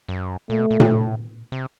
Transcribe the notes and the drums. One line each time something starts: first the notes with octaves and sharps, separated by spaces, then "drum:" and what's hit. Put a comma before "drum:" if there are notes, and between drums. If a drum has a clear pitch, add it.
F#2
A#2 A3
B2
A#2
A2, drum: tom A#2
C3